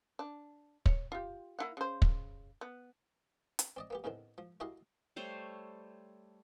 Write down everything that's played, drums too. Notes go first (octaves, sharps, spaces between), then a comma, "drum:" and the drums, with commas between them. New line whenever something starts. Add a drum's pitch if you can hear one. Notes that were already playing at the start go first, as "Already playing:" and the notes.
D4
C#5, drum: kick
F4 G4
A#3 E4 F#5
C#3 C5
drum: kick
B3
drum: hi-hat
C4 D5 D#5
A#3 B3 G4
E2 A2 D3 D#3 C4
F3
E4 F#4 G4 A4 D#5 F5
G3 A3 C5 C#5